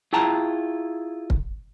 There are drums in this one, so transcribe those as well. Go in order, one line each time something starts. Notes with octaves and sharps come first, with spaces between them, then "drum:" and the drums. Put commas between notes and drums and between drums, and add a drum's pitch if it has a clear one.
E4 F4 G#4 G5 A5 A#5
drum: kick